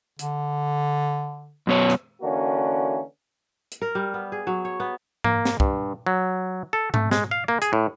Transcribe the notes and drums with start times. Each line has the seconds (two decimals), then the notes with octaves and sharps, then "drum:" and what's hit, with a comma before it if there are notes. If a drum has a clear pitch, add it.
0.19 D3, drum: hi-hat
1.67 F#2 B2 C#5
1.90 drum: rim click
2.22 D3 E3 A#3 C#4 F#4
3.72 drum: hi-hat
3.82 A#4
3.95 G3
4.14 B3
4.32 G#4
4.47 F#3
4.65 C#5
4.80 B3
5.24 A#3, drum: tom G#2
5.45 drum: snare
5.60 G2, drum: kick
6.07 F#3
6.73 A4
6.94 A3, drum: tom G#2
7.11 G#3, drum: snare
7.31 F5
7.48 A#3
7.62 G#4, drum: hi-hat
7.73 A2